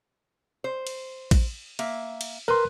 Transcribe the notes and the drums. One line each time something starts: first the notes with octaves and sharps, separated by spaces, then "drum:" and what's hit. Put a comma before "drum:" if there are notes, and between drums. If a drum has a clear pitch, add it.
C5
drum: cymbal
drum: kick A1, cymbal
A#3 E5, drum: cymbal
drum: cymbal
A#4 B4 C6